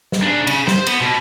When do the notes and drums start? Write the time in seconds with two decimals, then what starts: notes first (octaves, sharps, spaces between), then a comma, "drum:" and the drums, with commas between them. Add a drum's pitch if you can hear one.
0.12 drum: snare
0.23 G#2 D4
0.47 C#3, drum: cymbal
0.67 C5, drum: snare
0.87 B3, drum: cymbal
1.01 B2